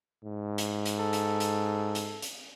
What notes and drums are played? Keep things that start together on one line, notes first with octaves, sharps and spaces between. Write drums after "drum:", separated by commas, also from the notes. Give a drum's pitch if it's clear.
G#2
drum: hi-hat
drum: hi-hat
A4
drum: hi-hat
drum: hi-hat
drum: hi-hat
drum: hi-hat